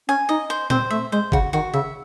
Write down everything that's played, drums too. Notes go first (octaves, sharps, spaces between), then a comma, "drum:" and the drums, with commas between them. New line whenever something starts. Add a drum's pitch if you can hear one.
C#4 G#5
D#4 D#5
C5
C4 C5, drum: tom A#2
A3 E5
G#3 C5
C#3 F#4, drum: kick
D#3 F#4
C#3 E5